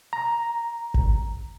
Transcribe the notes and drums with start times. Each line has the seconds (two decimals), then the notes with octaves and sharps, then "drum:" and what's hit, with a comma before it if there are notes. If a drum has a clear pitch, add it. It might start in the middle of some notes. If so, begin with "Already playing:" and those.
0.13 A#5
0.94 drum: kick G#1